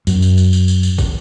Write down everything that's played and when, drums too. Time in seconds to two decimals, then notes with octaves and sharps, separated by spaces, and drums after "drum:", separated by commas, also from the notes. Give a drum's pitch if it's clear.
0.07 F#2, drum: tambourine
0.22 drum: tambourine
0.37 drum: tambourine
0.53 drum: tambourine
0.68 drum: tambourine
0.83 drum: tambourine
0.98 drum: kick, tambourine